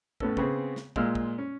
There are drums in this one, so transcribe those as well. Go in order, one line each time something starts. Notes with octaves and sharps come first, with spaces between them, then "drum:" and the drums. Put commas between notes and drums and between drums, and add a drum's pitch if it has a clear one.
A2 B3 C#4 A4, drum: kick
C#3 B3 C4 G#4, drum: kick
drum: snare
A#2 G#3 F4 E6 F6, drum: kick
drum: kick
C#4